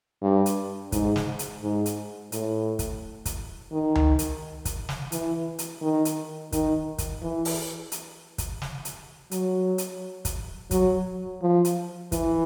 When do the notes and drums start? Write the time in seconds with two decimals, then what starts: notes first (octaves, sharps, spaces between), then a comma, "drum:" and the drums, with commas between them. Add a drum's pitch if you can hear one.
0.22 G2
0.46 drum: hi-hat
0.92 G#2, drum: kick, hi-hat
1.16 drum: snare
1.39 drum: hi-hat
1.62 G#2
1.86 drum: hi-hat
2.32 A2, drum: hi-hat
2.79 drum: kick, hi-hat
3.25 drum: kick, hi-hat
3.72 D#3
3.95 drum: tom C#2
4.19 drum: hi-hat
4.65 drum: kick, hi-hat
4.89 drum: snare
5.12 E3, drum: hi-hat
5.59 drum: hi-hat
5.81 D#3
6.05 drum: hi-hat
6.52 D#3, drum: kick, hi-hat
6.98 drum: kick, hi-hat
7.22 E3
7.45 drum: open hi-hat
7.92 drum: hi-hat
8.38 drum: kick, hi-hat
8.62 drum: snare
8.85 drum: hi-hat
9.31 F#3, drum: hi-hat
9.78 drum: hi-hat
10.25 drum: kick, hi-hat
10.71 F#3, drum: kick, hi-hat
11.42 F3
11.65 drum: hi-hat
12.12 E3, drum: kick, hi-hat